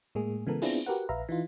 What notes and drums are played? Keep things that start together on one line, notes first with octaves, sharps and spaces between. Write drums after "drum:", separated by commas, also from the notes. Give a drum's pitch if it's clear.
A2 G#3 A#3 G#4
C#3 E3 G#3 B3 A4 A#4
B3 C4 D4 E4 F4 G#4, drum: open hi-hat
F#4 G4 A#4 B4 F#5
A#1 B4 E5 F5 A#5
E3 D#4 F4